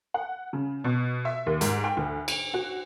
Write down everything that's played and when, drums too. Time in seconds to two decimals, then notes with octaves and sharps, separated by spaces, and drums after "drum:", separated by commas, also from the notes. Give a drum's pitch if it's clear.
0.14 F#5
0.53 C#3
0.84 B2
1.25 E5
1.46 D#2
1.61 G#2, drum: hi-hat
1.84 G5
1.97 D2
2.28 D7, drum: cymbal
2.54 F#4